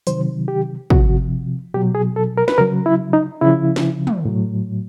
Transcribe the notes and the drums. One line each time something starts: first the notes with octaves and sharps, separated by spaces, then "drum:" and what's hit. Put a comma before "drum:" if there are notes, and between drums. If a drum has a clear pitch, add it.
C3 D#3 F#3 C5, drum: hi-hat
G4
C3 F3 F#4, drum: kick
B2 F#3 G4
G#4
A4
A#4
B4, drum: snare
C#3 F#3 A#4
E4
D#4
C#3 F3 E4
drum: snare
drum: tom
A2 F#3